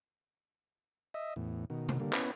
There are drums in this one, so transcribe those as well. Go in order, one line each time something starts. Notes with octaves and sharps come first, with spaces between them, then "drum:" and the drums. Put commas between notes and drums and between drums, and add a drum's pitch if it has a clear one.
D#5 E5
E2 A2
B2 D#3
drum: tom C3
D3 G3 A#3
B3 C#4 E4 B4, drum: clap